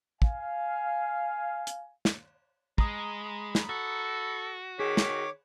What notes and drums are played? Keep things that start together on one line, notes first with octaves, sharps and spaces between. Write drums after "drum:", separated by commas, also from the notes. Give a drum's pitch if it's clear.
F5 G#5, drum: kick
drum: hi-hat
drum: snare
G#3 A#5 B5 D#6, drum: kick
drum: snare
F#4 A4
D#3 G#4 C#5 D6 B6
drum: snare